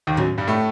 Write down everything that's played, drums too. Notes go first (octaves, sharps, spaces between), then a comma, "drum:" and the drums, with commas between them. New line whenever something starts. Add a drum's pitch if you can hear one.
D#2 D#3
F#2 F#3, drum: tom A2
G2 G3
A2 A3